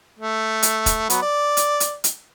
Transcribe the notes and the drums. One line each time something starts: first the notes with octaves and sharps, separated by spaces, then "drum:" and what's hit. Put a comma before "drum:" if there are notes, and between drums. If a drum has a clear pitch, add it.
A3
drum: hi-hat
drum: kick, hi-hat
F#3 B3, drum: hi-hat
D5
drum: hi-hat
drum: hi-hat
drum: hi-hat